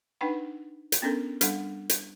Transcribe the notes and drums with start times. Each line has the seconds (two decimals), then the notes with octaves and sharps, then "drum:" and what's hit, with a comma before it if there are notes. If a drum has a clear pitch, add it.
0.21 D4 D#4 B4 F#5 G5 B5
0.92 drum: hi-hat
1.02 B3 C#4 D4 A4 A#4
1.41 G3 D4 A4 F#5, drum: hi-hat
1.90 drum: hi-hat